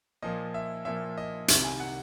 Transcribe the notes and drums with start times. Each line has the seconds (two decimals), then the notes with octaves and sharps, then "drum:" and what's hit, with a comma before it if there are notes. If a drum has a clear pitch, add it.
0.22 A#2 F3 A#3 D#5
0.54 E5
0.85 A#2 F3 A#3 E5
1.18 D#5
1.48 C2 C3 D#3 E5, drum: hi-hat
1.64 G#5
1.80 F#5